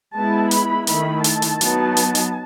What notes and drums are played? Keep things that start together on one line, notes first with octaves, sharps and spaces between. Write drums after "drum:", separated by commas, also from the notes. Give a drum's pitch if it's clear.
G#3 B3 E4 A5
B5, drum: hi-hat
D#3 A3 E4 B5, drum: hi-hat
A5, drum: hi-hat
drum: hi-hat
F#3 B3 D#4, drum: hi-hat
drum: hi-hat
drum: hi-hat